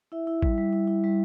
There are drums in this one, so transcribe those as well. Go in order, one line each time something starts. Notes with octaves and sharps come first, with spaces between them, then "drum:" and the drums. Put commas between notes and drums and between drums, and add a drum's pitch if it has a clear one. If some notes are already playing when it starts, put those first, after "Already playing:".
E4 E5
E4
G3, drum: kick A1
G3
E4
E4
G3